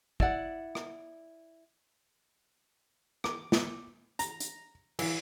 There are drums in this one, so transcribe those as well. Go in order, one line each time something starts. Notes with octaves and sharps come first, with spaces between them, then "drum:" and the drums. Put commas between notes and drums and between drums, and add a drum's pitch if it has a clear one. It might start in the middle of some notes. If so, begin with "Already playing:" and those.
E4 D5 F#5, drum: kick
drum: rim click
D6, drum: rim click
drum: snare
A#5, drum: hi-hat
drum: hi-hat
E3, drum: cymbal